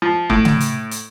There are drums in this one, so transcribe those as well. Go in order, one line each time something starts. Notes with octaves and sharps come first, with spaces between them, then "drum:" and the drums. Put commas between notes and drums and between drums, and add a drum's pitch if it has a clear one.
F3
A2, drum: kick
drum: tom C#3
drum: hi-hat
drum: hi-hat